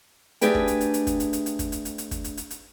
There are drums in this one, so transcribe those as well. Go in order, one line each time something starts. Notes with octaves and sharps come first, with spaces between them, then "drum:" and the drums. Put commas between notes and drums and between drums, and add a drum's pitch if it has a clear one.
A3 D4 G4 G#4 B4 G5, drum: hi-hat
drum: kick
drum: hi-hat
drum: hi-hat
drum: hi-hat
drum: kick, hi-hat
drum: hi-hat
drum: hi-hat
drum: hi-hat
drum: kick, hi-hat
drum: hi-hat
drum: hi-hat
drum: hi-hat
drum: kick, hi-hat
drum: hi-hat
drum: hi-hat
drum: hi-hat